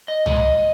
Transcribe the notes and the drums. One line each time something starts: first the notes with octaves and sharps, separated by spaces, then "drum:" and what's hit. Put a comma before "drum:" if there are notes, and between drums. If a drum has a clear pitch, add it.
D#5
A#2 G#3 D#5, drum: tom